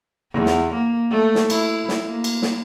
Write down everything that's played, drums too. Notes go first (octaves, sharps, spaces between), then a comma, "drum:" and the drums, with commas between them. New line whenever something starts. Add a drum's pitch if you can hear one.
E2
drum: snare
A#3
A3
drum: snare
E4, drum: cymbal
drum: snare
A#3
drum: cymbal
drum: snare